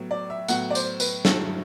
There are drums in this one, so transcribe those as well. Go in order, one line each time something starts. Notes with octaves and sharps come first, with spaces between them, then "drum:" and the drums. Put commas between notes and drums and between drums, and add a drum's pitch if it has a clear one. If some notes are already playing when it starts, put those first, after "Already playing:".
Already playing: A2 F#3 B3
D5
E5
A2 F#3 B3 F#5, drum: tambourine
D5
C5, drum: tambourine
B4, drum: tambourine
G2 F#3 A3 E4 A4, drum: snare